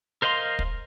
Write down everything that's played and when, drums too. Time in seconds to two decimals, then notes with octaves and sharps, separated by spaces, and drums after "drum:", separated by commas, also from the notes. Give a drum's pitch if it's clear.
0.22 A#4 C5 D#5 F5 C6
0.59 drum: kick